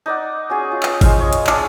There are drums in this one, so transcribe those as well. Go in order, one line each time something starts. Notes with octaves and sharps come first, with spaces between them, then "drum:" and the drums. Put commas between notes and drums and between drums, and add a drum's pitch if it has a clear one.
D#4 D5 F#5
C#4 F#4 G#4
F4
drum: clap
G#3 C5 F5, drum: kick G#1, open hi-hat
C#5 D#5
drum: hi-hat
D4 G#4, drum: clap